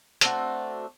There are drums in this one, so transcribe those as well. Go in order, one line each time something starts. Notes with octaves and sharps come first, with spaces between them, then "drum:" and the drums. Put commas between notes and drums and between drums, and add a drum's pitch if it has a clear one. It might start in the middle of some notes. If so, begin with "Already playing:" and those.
A3 C4 D4 F#4, drum: hi-hat